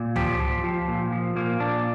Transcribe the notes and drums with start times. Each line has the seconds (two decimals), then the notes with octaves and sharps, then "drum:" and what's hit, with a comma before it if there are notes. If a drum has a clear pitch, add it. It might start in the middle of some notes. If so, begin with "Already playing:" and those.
Already playing: A#2
0.16 F3 G4, drum: tom C#2
0.40 F3
0.64 F3
0.88 A#2
1.12 F3
1.36 A#2 A#3
1.60 A#2 D4